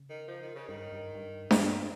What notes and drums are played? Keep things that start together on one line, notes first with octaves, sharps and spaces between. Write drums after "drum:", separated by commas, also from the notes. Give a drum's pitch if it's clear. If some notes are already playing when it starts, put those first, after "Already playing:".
Already playing: C#3
D#3
F3
D#3
C#3
G2 D#3
G2
G2
G2, drum: snare D4